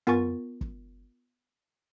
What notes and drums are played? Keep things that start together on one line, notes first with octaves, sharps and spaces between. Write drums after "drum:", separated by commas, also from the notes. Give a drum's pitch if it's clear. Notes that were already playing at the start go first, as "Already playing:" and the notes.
B3 F4 A#4 G#5 C#6 A6, drum: tom
drum: kick